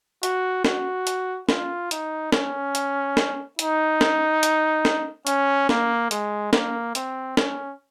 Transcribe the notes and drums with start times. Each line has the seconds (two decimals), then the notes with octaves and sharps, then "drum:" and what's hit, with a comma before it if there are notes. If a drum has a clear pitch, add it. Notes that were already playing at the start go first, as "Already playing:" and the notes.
0.23 F#4, drum: hi-hat
0.64 F#4, drum: snare
1.07 drum: hi-hat
1.49 F4, drum: snare
1.91 D#4, drum: hi-hat
2.32 C#4, drum: snare
2.75 drum: hi-hat
3.17 drum: snare
3.59 D#4, drum: hi-hat
4.01 drum: snare
4.43 drum: hi-hat
4.85 drum: snare
5.27 C#4, drum: hi-hat
5.69 A#3, drum: snare
6.11 G#3, drum: hi-hat
6.53 A#3, drum: snare
6.95 C4, drum: hi-hat
7.37 C#4, drum: snare